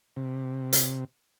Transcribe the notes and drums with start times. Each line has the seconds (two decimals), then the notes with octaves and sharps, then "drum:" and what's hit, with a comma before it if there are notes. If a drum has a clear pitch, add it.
0.17 C3
0.73 drum: hi-hat